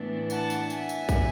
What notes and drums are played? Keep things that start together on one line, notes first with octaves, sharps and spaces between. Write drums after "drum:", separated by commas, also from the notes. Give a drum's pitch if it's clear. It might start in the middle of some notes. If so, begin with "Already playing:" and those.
Already playing: A2 E3 B3 D4
F#5 A5, drum: tambourine
drum: tambourine
E5 G#5, drum: tambourine
drum: tambourine
drum: kick, tambourine